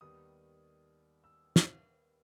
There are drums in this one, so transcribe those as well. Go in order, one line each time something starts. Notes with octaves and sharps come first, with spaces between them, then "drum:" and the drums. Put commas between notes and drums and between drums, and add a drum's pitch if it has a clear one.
D#2 D#3 G3 B3 D#6
E6
drum: snare